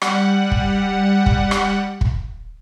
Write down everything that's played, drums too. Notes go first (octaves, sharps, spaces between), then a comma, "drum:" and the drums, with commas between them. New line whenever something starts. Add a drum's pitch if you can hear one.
G3 F#5, drum: rim click
drum: kick
drum: kick
drum: rim click
drum: kick